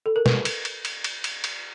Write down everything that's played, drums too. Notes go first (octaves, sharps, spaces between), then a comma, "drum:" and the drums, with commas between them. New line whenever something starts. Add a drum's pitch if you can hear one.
A4
A#4
B4, drum: snare
drum: cymbal
drum: cymbal
drum: cymbal
drum: cymbal
drum: cymbal
drum: cymbal